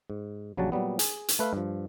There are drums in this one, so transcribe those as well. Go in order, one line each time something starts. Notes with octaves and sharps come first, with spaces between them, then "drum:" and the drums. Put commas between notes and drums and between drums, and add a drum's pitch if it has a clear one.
G#2
A#1 C#3 F#3 G3 F#4 A5
A#2 F#3 G3 B3
G#4, drum: hi-hat
drum: hi-hat
A3 B4 E5 F5
G2 F3